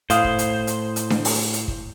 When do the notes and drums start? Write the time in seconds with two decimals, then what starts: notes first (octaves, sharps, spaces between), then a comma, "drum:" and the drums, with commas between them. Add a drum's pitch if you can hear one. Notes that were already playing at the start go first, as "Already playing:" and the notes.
0.10 A2 C5 F5 D#6, drum: hi-hat
0.24 drum: kick
0.39 drum: hi-hat
0.67 drum: hi-hat
0.96 drum: hi-hat
1.10 drum: snare D4
1.25 drum: open hi-hat
1.53 drum: hi-hat
1.68 drum: kick